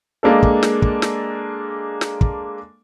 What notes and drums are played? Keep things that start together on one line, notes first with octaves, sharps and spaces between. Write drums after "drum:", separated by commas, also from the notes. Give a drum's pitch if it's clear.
G#3 A#3 D4 A4
drum: kick
drum: snare
drum: kick
drum: snare
drum: snare
drum: kick